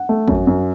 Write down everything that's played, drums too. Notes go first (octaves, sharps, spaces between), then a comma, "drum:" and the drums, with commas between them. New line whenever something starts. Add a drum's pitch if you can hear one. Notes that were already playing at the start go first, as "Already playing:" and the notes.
Already playing: F#5
A3
F#2, drum: kick
F#2